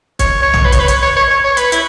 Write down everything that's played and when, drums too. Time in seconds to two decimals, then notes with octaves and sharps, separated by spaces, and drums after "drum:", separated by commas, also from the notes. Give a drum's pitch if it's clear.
0.19 C#5, drum: kick, hi-hat
0.42 C#5
0.53 drum: tom
0.65 B4
0.72 C#5, drum: kick, hi-hat
0.80 B4
0.88 C#5, drum: hi-hat
1.02 C#5
1.16 C#5
1.30 C#5
1.44 C#5
1.57 B4, drum: hi-hat
1.72 E4, drum: hi-hat